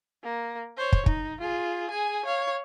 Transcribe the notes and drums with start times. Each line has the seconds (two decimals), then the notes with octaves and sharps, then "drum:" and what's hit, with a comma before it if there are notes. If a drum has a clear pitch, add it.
0.24 A#3
0.77 C5 C#5
0.92 drum: kick
1.06 D#4, drum: kick
1.40 F4 G#4
1.90 G#4 G#5
2.25 C#5 F5